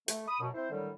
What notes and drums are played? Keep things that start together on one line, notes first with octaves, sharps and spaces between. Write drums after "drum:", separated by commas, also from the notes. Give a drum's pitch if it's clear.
A3, drum: hi-hat
B5 D#6
F#2 B2
C4 E4 C5
A2 D3 D#3 F#3 G3